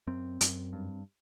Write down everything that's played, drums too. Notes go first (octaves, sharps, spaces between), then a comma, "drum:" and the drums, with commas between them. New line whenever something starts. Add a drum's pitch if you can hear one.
F#2 C4
F#2, drum: hi-hat
G2